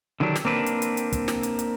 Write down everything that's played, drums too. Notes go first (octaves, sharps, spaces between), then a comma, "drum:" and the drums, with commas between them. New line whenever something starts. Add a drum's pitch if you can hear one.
D3 D#3 F#3 D4 E4 G4
drum: snare
A#3 C4 D4 B4
drum: hi-hat
drum: hi-hat
drum: hi-hat
drum: kick, hi-hat
drum: snare
drum: hi-hat
drum: hi-hat